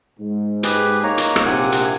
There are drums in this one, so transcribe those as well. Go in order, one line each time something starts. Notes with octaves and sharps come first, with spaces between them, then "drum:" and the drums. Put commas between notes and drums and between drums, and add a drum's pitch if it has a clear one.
G#2
G4 G#4 B4, drum: hi-hat
A#3 D#4 C#5 A#5
drum: hi-hat
drum: rim click
A#1 C3 A#3 F#5 G#5 D6
drum: hi-hat